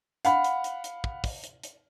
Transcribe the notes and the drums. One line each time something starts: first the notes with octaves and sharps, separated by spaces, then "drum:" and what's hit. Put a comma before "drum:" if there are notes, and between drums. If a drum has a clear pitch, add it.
F5 F#5 B5, drum: hi-hat
drum: hi-hat
drum: hi-hat
drum: hi-hat
drum: kick
drum: kick, open hi-hat
drum: hi-hat
drum: hi-hat